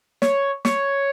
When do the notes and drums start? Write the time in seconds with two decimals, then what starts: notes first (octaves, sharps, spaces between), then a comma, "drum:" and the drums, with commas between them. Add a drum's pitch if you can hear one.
0.22 C#5, drum: snare
0.65 C#5, drum: snare